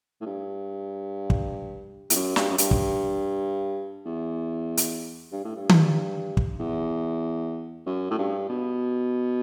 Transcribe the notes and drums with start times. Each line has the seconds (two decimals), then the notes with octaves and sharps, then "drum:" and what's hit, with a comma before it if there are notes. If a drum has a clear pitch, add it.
0.21 A2
0.26 G2
1.30 drum: kick
2.10 E2, drum: hi-hat
2.15 F#2
2.36 G2, drum: snare
2.50 F#2
2.58 G2, drum: hi-hat
2.71 drum: kick
4.05 E2
4.77 drum: hi-hat
5.32 G2
5.45 A2
5.56 G2
5.69 drum: tom D#3
6.37 drum: kick
6.59 E2
7.86 F#2
8.11 A2
8.18 G2
8.49 B2